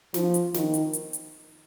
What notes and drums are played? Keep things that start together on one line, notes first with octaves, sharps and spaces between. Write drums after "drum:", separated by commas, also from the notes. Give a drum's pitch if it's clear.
F3, drum: snare
drum: hi-hat
D#3, drum: snare
drum: hi-hat
drum: hi-hat
drum: hi-hat